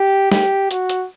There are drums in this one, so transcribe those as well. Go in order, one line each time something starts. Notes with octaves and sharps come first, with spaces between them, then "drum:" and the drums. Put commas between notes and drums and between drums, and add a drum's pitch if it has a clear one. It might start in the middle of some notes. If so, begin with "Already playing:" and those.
Already playing: G4
G4, drum: snare
F#4, drum: hi-hat
drum: hi-hat